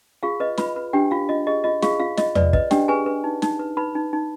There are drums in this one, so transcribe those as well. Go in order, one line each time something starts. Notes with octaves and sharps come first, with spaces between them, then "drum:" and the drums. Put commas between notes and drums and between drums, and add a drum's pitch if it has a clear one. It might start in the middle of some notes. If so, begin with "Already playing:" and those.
F4 G#4 F5
B4 D#5
F4 B4 B5, drum: snare
B4
D4 G4 G5
F4 F5
F4 D#5
G#4 D#5
F4 D#5
F4 G#4 F5, drum: snare
F4 F5
F4 D#5, drum: snare
B4 D5, drum: tom E2
B4 D#5, drum: kick
D4 G4 G5, drum: snare
G#4 B4 G#5
B4
D#4
D#4, drum: snare
B4
D#4 B4 B5
D#4
D#4